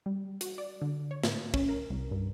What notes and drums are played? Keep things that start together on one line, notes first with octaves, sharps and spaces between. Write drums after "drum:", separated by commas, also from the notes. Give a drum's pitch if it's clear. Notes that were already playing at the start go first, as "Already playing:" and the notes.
G3
F#4, drum: hi-hat
D5
D3
C#5
A2, drum: snare
C#4, drum: kick
A#4
C2
G2